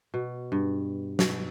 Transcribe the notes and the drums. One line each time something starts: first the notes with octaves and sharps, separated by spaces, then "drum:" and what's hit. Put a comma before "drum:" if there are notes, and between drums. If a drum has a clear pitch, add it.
B2
G2
B2, drum: snare